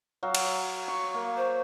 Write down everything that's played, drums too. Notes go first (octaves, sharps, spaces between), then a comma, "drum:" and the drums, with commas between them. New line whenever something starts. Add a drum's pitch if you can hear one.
F#3 F5
drum: cymbal
C#6
A#3
C5